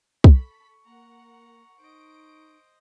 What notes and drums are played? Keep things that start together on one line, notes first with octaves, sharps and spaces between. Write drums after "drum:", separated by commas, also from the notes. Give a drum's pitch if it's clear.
A4 B5 C#6 B6, drum: kick
A#3 A#4 F#5 A#5
D#4 C5 D#5 D7